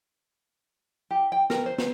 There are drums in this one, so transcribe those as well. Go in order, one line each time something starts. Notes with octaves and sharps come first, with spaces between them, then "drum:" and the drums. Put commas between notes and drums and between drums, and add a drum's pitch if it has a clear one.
G4
G5
A#4, drum: snare
C5
C5, drum: snare